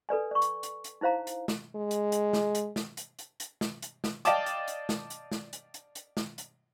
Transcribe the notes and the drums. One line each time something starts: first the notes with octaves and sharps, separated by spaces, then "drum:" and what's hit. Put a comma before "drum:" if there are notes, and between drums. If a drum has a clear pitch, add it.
A4 B4 D5 G#5
D5 C#6
drum: hi-hat
drum: hi-hat
drum: hi-hat
D#4 E4 C5 F5 A#5
drum: hi-hat
drum: snare
G#3
drum: hi-hat
drum: hi-hat
drum: snare
drum: hi-hat
drum: snare
drum: hi-hat
drum: hi-hat
drum: hi-hat
drum: snare
drum: hi-hat
drum: snare
D5 D#5 F5 G5 A5 D6, drum: hi-hat
drum: hi-hat
drum: hi-hat
drum: snare
drum: hi-hat
drum: snare
drum: hi-hat
drum: hi-hat
drum: hi-hat
drum: snare
drum: hi-hat